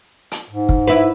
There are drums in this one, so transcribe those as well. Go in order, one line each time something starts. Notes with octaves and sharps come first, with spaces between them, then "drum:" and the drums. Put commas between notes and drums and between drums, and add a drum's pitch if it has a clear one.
drum: hi-hat
G#2
drum: kick
E4 B4